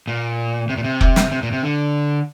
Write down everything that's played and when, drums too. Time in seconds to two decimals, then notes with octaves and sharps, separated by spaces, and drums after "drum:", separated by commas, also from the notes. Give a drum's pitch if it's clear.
0.07 A#2
0.69 C3
0.77 A#2
0.84 C3
1.01 drum: kick F1
1.16 drum: snare
1.32 C3
1.42 A#2
1.52 C3
1.63 D3